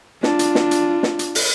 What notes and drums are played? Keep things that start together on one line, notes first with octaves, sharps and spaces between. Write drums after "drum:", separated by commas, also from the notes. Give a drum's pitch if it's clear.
D4 F4, drum: snare
drum: hi-hat
drum: snare
drum: hi-hat
drum: snare
drum: hi-hat
drum: open hi-hat